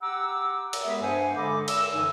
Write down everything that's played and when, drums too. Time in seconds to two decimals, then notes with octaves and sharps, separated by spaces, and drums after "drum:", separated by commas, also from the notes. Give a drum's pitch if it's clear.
0.01 G4 F#5 A#5 D6 E6
0.73 drum: cymbal
0.84 G#3 B3 G4 G#4 E5
1.01 G2 C5 F#5 G#5
1.36 D3 G#3 A4 D#5 B5 D6
1.68 E6, drum: cymbal
1.93 F#2 D3 E3 F3 D#4 G#5